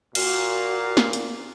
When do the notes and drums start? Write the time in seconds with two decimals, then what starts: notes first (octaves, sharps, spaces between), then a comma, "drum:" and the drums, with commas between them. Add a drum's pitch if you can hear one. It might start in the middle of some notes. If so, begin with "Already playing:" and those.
0.15 A#2 F#4 F5, drum: cymbal
0.97 drum: snare
1.13 drum: hi-hat